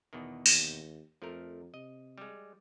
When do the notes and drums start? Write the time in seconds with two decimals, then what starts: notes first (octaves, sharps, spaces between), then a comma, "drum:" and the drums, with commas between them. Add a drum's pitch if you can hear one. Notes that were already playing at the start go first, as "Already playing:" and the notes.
0.13 E2 B2 D#3
0.46 D#2, drum: open hi-hat
1.22 F2 F3 A3 A#4
1.74 C3 D#5
2.18 G3 G#3